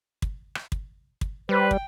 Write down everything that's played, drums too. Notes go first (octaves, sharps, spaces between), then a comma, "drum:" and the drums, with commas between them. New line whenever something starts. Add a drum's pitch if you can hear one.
drum: kick
drum: rim click
drum: kick
drum: kick
G3 B4 C5
G5, drum: kick